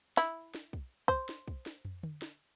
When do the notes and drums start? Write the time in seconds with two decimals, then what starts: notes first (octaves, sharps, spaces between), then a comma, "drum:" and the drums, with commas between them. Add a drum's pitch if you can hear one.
0.17 E4, drum: snare
0.55 drum: snare
0.73 drum: kick
1.08 C5, drum: kick
1.29 drum: snare
1.48 drum: kick
1.66 drum: snare
1.85 drum: tom
2.03 drum: tom D3
2.22 drum: snare